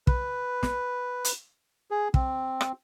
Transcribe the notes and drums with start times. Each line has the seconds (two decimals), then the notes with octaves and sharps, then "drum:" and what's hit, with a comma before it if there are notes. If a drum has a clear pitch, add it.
0.07 B4, drum: kick
0.63 drum: snare
1.24 drum: hi-hat
1.91 G#4
2.14 C4, drum: kick
2.61 drum: rim click